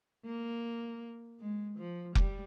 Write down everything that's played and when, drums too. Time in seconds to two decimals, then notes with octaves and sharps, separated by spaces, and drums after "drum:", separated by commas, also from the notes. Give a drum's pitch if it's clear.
0.25 A#3
1.40 G#3
1.78 F3
2.15 G3, drum: kick F1